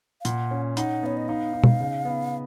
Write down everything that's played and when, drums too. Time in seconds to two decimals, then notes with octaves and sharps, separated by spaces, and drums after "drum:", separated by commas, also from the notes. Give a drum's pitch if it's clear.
0.21 F5
0.25 A#2 F#5, drum: hi-hat
0.51 C#4
0.77 D#4 F#5, drum: hi-hat
1.03 B3 C#5
1.17 D#5
1.28 D#4 F5
1.54 D#4
1.64 drum: tom
1.80 C#3
2.05 B3